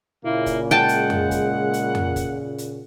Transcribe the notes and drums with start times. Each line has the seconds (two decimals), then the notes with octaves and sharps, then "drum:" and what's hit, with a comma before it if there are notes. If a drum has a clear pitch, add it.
0.25 A#2 C#3 A#3 E4
0.46 drum: kick F1, hi-hat
0.71 G#3 F#5 G5 A5
0.89 drum: hi-hat
1.10 drum: tom F2
1.31 drum: kick F1, hi-hat
1.73 drum: hi-hat
1.95 drum: tom F2
2.16 drum: kick F1, hi-hat
2.58 drum: hi-hat